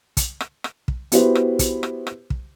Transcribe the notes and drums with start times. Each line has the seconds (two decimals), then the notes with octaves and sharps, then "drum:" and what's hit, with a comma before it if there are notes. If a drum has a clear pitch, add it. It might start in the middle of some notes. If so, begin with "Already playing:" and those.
0.17 drum: kick, hi-hat
0.40 drum: rim click
0.64 drum: rim click
0.88 drum: kick
1.12 B3 E4 F#4 G4 B4 C5, drum: hi-hat
1.35 drum: rim click
1.59 drum: kick, hi-hat
1.83 drum: rim click
2.07 drum: rim click
2.30 drum: kick